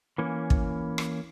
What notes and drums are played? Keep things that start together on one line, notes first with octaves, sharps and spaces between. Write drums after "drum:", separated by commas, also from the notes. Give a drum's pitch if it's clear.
E3 A#3 C#4
drum: kick
drum: rim click